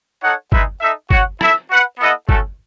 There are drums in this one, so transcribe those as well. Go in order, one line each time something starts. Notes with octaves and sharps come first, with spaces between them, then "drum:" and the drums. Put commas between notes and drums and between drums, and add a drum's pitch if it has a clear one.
D#4 A4 C#5 F#5
G#3 D#4 G#4 B4 E5, drum: kick G1
D#4 A4 E5
F#4 C#5 F#5, drum: kick G1
E4 A4 E5, drum: rim click
F#4 B4 F#5
B3 E4 A4 D#5 F#5
A3 C#4 F#4 A4, drum: kick G1